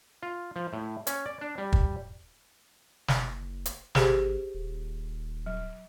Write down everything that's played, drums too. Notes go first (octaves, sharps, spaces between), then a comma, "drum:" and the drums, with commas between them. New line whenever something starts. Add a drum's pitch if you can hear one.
F4
F3
A2
C#4, drum: hi-hat
D5
D4
G3
drum: kick
F#1, drum: snare
drum: hi-hat
G#1 G4 G#4 C5, drum: snare
D#1
F#3